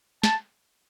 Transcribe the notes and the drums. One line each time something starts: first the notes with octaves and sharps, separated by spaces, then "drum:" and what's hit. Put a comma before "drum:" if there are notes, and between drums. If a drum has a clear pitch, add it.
A5, drum: snare